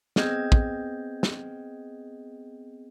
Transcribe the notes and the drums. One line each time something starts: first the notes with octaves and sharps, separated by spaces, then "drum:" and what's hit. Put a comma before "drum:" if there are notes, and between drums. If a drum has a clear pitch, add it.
B3 C4 G#4 D#5 G6 G#6, drum: snare
drum: kick
drum: snare